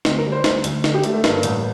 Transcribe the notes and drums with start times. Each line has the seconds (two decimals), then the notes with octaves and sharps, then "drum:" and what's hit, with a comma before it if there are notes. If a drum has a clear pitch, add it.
0.05 D2 C4, drum: snare
0.18 A#4
0.26 G3
0.32 C5
0.44 D2, drum: snare
0.64 D2, drum: hi-hat
0.84 D3, drum: snare
0.94 G4
1.04 D3 A3, drum: hi-hat
1.14 A3
1.24 G2 A#3, drum: snare
1.43 A1, drum: hi-hat